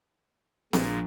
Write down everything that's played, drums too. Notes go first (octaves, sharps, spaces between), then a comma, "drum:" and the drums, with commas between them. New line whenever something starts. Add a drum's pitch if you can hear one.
A#1 A#2 G#3, drum: snare C4